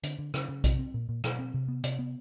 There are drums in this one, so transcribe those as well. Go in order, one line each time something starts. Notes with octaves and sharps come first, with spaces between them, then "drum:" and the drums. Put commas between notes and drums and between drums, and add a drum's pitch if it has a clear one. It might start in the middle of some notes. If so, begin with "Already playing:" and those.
D3, drum: hi-hat
D3
C#3, drum: rim click
C#3
C3, drum: kick B1, hi-hat
C4
A#2
A#2
B2, drum: rim click
C4
C3
B3
C3, drum: hi-hat
B3